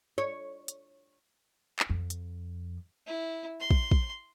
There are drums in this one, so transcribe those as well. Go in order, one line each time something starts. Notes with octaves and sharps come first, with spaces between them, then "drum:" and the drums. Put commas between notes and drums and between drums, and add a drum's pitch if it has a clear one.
C#5
drum: hi-hat
drum: clap
F2
drum: hi-hat
E4
C6
drum: kick
drum: kick